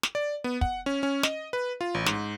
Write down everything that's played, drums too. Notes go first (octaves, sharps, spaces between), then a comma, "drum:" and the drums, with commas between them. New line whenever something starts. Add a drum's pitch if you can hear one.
drum: snare
D5
B3
F#5, drum: kick
C#4
C#4
D#5, drum: snare
B4
F4
A1
G#2, drum: snare